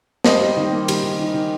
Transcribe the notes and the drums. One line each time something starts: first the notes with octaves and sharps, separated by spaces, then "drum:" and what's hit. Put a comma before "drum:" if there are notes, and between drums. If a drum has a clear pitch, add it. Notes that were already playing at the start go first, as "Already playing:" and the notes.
G3 C5 D#5, drum: snare
G3
D#3
A#3
G3, drum: cymbal
D#3
D#3
D#3